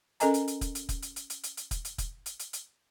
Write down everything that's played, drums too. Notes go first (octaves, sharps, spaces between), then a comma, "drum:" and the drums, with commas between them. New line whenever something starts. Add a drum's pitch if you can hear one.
C#4 A4 A#4 D#5 G#5 A#5, drum: hi-hat
drum: hi-hat
drum: hi-hat
drum: kick, hi-hat
drum: hi-hat
drum: kick, hi-hat
drum: hi-hat
drum: hi-hat
drum: hi-hat
drum: hi-hat
drum: hi-hat
drum: kick, hi-hat
drum: hi-hat
drum: kick, hi-hat
drum: hi-hat
drum: hi-hat
drum: hi-hat